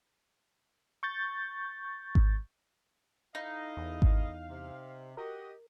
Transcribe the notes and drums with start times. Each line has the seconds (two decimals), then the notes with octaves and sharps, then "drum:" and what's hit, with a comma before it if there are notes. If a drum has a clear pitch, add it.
1.03 C#6 G6 A6
2.15 drum: kick G#1
3.35 D#4 E4 A4 D#5 F5
3.77 E2
4.02 drum: kick G#1
4.49 C3
5.17 F#4 G4 A#4 D#5